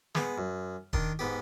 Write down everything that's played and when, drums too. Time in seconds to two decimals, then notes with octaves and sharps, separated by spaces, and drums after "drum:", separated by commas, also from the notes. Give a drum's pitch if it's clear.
0.15 G#3 B3, drum: snare
0.38 F#2
0.93 D#3 D4 C6, drum: kick
1.19 G#2 B3 G4